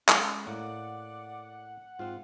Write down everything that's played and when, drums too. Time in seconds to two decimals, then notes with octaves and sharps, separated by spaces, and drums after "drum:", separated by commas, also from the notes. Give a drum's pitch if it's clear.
0.09 G#3 C#4, drum: clap
0.46 A2 A#3 D5 F#5
1.99 G#2 C4 F4